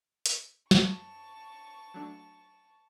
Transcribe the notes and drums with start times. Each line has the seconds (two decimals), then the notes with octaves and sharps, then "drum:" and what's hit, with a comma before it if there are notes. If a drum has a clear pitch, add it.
0.26 drum: hi-hat
0.71 F#2 A5 C#6, drum: snare
1.94 F#3 A3 D4